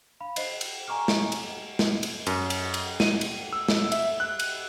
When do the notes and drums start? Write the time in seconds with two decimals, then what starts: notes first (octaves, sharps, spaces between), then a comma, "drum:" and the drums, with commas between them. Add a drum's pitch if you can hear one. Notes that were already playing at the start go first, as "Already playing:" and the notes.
0.20 F5 B5
0.36 C5 D#5 C7, drum: cymbal
0.61 drum: cymbal
0.88 G#5 A#5 C#6 D6 F6
1.08 drum: snare
1.32 drum: cymbal
1.79 drum: snare
2.03 drum: cymbal
2.27 F#2, drum: cymbal
2.50 drum: cymbal
2.74 drum: cymbal
3.00 D#7, drum: snare
3.21 drum: cymbal
3.53 E6
3.68 drum: snare
3.92 E5, drum: cymbal
4.20 F#6
4.39 drum: cymbal